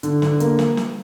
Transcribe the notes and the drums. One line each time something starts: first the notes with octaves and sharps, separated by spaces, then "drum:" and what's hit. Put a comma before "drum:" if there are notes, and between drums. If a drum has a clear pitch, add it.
D3, drum: hi-hat
D3, drum: snare
A#3, drum: hi-hat
drum: snare
drum: snare